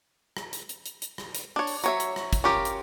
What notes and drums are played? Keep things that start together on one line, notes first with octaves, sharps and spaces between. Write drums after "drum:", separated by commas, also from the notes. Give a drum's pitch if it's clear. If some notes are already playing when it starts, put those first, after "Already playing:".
drum: rim click
drum: hi-hat
drum: hi-hat
drum: hi-hat
drum: hi-hat
drum: rim click
drum: hi-hat
D4 C#5
drum: open hi-hat
F#3 C#5 E5, drum: hi-hat
drum: hi-hat
drum: rim click
drum: kick, hi-hat
C#4 F4 G4 A#4
drum: hi-hat